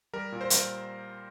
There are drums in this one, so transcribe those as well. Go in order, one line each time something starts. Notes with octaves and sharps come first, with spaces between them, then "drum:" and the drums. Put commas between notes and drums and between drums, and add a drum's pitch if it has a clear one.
G3 A#4
A#2
C5
G3, drum: hi-hat